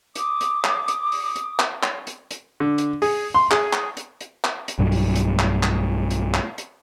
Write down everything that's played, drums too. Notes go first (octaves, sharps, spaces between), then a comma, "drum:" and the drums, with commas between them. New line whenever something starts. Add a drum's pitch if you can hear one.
D6 D#6, drum: hi-hat
drum: hi-hat
drum: clap
drum: hi-hat
drum: open hi-hat
drum: hi-hat
drum: clap
drum: clap
drum: hi-hat
drum: hi-hat
D3
drum: hi-hat
G#4, drum: open hi-hat
C6
G#4, drum: clap
drum: clap
drum: hi-hat
drum: hi-hat
drum: clap
drum: hi-hat
B1 G2 F#3
drum: open hi-hat
drum: hi-hat
drum: clap
drum: clap
drum: hi-hat
drum: clap
drum: hi-hat